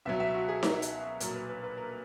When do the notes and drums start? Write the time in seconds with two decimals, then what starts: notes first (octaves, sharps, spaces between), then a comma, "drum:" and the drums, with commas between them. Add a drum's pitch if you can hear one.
0.05 C#2 B2 F#3 E5
0.20 E5
0.35 F#4
0.48 G#4
0.63 A#4, drum: snare D#4
0.82 drum: hi-hat
1.20 B1 A#2 F#3 A#4, drum: hi-hat
1.35 B4
1.49 B4
1.64 B4
1.77 A#4